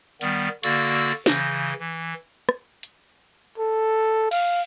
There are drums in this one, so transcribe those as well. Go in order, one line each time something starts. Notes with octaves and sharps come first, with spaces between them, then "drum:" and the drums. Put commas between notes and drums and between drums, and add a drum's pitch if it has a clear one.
D#3 G3 B3, drum: hi-hat
D3 A#3 F#4 D5 E6, drum: cymbal
C#3 E3 G6 A#6, drum: snare
E3
drum: rim click
drum: hi-hat
A4
F5, drum: cymbal